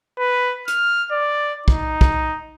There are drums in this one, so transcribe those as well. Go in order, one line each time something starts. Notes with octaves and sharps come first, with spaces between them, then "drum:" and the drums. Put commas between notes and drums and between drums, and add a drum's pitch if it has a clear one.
B4
F6, drum: hi-hat
D5
D#4, drum: kick
drum: kick